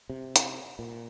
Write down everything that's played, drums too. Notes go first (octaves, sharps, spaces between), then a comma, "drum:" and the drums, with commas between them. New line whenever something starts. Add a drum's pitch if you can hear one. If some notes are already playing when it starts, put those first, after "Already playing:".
C3
drum: hi-hat
A#2